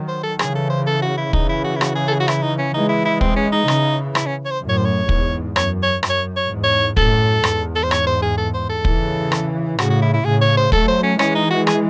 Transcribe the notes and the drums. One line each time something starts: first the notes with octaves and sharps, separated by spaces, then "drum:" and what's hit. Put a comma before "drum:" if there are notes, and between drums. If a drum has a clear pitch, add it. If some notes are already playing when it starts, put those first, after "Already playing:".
Already playing: D#3 F#3
C5
A4
C#3 E3 G#4, drum: rim click
A4
C5
A4
F#4
E4
C#3 E3 D#4, drum: kick
E4
F#4
E4
F#4, drum: rim click
G#4
A4
G#4
F#4
E4, drum: rim click
D#4
C#4
E3 G#3 D#4
E4
E4
C4, drum: kick
C#4
D#4
C#3 E3, drum: rim click
E4, drum: rim click
C#4
C#5
C5
F#2 A2
C#5
C5
C#5
E2 G#2, drum: kick
F#2 C#5, drum: rim click
C#5
F#2, drum: rim click
C#5
C#5
E2 G#2
C#5
F#2 A2 A4, drum: kick
E2 G#2, drum: rim click
A4
C5
C#5, drum: rim click
C5
G#4
A4
C5
A4
C#3 E3, drum: kick
drum: rim click
A2 C#3 F#4, drum: rim click
F#4
E4
E4
A2 C#3 G#4
C#5
C5
F#3 A3 A4, drum: kick
C5
C#4
E3 G#3 C#4, drum: rim click
D#4
F#4
G#4, drum: rim click